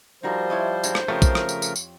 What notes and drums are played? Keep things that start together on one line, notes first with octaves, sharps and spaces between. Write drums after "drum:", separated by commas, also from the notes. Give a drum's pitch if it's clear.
F3 G3 D#4 F#4 A#4 C5
E4 C#5 D#5
G2 F#3 G#3, drum: tambourine
drum: rim click
F2 C#3 F3 A3 G4 A#4 C#5
drum: kick A#1, tambourine
drum: rim click
drum: tambourine
drum: tambourine
drum: tambourine